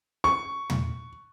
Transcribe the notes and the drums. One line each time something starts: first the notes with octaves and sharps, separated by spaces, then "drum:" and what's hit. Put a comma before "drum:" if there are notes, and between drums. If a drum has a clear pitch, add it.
C#6
drum: tom